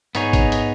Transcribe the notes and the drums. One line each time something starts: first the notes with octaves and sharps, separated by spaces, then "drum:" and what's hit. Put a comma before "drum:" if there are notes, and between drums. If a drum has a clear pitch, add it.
G#2 B3 D#4 G#4 C#5, drum: hi-hat
drum: kick, hi-hat
drum: hi-hat